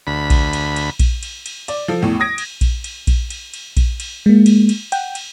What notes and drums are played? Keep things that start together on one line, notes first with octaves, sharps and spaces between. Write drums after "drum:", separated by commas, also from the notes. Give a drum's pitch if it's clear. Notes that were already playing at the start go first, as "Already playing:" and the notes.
D2 B5
drum: kick A#1, cymbal
drum: cymbal
drum: cymbal
drum: kick A#1, cymbal
drum: cymbal
drum: cymbal
D5, drum: cymbal
F3 A4
E2 A2
D#6 G#6 A#6 D7
drum: cymbal
drum: kick A#1, cymbal
drum: cymbal
drum: kick A#1, cymbal
drum: cymbal
drum: cymbal
drum: kick A#1, cymbal
drum: cymbal
G#3 A#3
drum: cymbal
drum: cymbal
F#5 G5, drum: cymbal
drum: cymbal